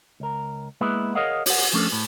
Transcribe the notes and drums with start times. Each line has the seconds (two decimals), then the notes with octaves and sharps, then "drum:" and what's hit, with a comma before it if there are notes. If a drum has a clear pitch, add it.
0.20 C#2 A#4
0.81 G#3 A#3 B3 E4 G#4 B4
1.15 G#4 A#4 C#5 D#5 F5 F#5
1.46 C#5 F#5, drum: open hi-hat
1.73 F3 A3 C#4 D4 A4
1.92 A2